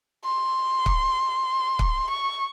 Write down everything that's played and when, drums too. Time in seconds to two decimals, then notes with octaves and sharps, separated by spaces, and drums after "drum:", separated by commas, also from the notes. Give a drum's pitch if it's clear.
0.24 C6
0.86 drum: kick
1.79 drum: kick
2.10 C#6